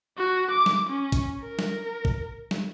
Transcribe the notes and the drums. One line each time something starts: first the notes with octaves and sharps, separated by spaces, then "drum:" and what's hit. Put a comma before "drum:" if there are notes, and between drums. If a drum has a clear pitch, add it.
F#4
D6
drum: snare
C#4
drum: kick, hi-hat
A#4
drum: snare
drum: kick
drum: snare